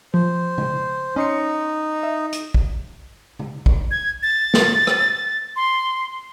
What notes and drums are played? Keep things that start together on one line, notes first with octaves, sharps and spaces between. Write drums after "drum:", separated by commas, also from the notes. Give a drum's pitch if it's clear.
F3 C5
drum: tom C#3
C#4 D#4 C6 C#7
E5
drum: hi-hat
drum: kick
drum: tom C#3
drum: kick
G#6
A6
drum: snare
drum: rim click
C6